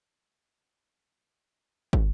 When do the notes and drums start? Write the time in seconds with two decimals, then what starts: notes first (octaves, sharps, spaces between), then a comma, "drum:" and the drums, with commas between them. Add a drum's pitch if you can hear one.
0.01 D5
0.17 D#5
0.32 E5
0.48 A5
0.63 A#5
1.25 A5
1.39 G5
1.66 A#5
1.77 A5
1.93 drum: kick